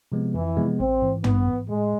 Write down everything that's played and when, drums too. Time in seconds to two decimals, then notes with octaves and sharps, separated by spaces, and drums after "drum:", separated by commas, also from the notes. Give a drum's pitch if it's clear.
0.12 C3 F3 G#3 B3
0.34 F2 E3
0.57 C3 F3 G#3 B3
0.80 A1 C4
1.02 G#2 E3
1.24 A1 B3, drum: tom
1.47 G#2 E3
1.69 A2 G#3